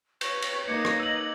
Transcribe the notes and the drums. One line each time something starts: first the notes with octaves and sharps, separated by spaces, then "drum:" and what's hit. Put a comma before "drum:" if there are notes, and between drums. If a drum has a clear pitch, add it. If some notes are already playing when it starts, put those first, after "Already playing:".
B4 C#5 C#6 G6, drum: cymbal
drum: cymbal
A#3 D#4 D#5 D6 G#6 C#7
drum: rim click
E6 G#6 F#7